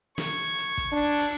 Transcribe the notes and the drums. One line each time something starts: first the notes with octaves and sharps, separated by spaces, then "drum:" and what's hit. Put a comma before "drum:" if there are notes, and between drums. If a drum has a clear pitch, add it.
C#6 G#6, drum: snare
drum: hi-hat
drum: kick, hi-hat
D4
drum: open hi-hat